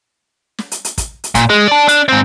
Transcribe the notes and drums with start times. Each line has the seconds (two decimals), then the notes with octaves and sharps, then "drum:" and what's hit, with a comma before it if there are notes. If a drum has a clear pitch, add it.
0.59 drum: snare
0.72 drum: hi-hat
0.85 drum: hi-hat
0.98 drum: kick, hi-hat
1.24 drum: hi-hat
1.35 A#2, drum: kick, hi-hat
1.50 G#3
1.68 D5 A5
1.88 D4, drum: hi-hat
2.09 G#2 C4